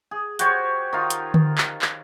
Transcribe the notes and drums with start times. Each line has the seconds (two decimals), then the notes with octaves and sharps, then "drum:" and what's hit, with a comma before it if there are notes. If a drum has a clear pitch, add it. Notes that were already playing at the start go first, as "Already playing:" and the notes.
0.11 G#4
0.39 F#4 G4 C5 C#5, drum: hi-hat
0.93 D#3 F4
1.10 drum: hi-hat
1.34 drum: tom D3
1.58 drum: clap
1.82 drum: clap